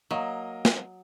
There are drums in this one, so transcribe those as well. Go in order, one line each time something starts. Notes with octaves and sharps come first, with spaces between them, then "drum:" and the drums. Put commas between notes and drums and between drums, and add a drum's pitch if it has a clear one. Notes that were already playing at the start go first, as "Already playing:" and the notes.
F#3 A#3 D#5 A#5
drum: snare